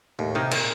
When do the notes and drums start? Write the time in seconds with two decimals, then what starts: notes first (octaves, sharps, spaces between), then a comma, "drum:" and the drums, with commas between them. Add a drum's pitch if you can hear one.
0.19 D#2 A2
0.35 C3 D#3 A#3 D#4
0.51 A#2, drum: cymbal